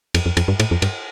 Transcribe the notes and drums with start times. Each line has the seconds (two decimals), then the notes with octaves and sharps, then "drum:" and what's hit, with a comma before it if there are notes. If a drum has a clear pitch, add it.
0.14 F2, drum: cymbal
0.26 F2
0.37 F2, drum: cymbal
0.48 G2
0.60 A2, drum: cymbal
0.71 F2
0.82 G2, drum: cymbal